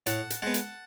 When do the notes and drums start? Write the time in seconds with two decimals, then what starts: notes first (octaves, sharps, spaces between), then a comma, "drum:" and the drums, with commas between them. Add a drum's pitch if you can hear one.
0.06 A2 F#5 A5, drum: hi-hat
0.30 drum: hi-hat
0.42 G#3 B3 F#5 A5
0.54 drum: hi-hat